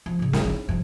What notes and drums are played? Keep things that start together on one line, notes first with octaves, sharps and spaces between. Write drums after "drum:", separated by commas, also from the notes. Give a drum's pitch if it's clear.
F3
G#2 C#3
F3 G#3, drum: snare
D#4 E4
G2 F3